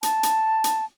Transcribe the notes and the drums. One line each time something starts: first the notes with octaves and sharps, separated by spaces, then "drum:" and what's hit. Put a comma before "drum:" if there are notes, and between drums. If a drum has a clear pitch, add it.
A5, drum: hi-hat
drum: hi-hat
drum: hi-hat